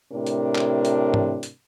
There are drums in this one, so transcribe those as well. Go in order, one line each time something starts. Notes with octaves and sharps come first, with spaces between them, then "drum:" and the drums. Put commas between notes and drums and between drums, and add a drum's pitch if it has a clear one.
A2 C3 D4 A#4
drum: hi-hat
drum: clap
drum: hi-hat
drum: tom G#2
drum: hi-hat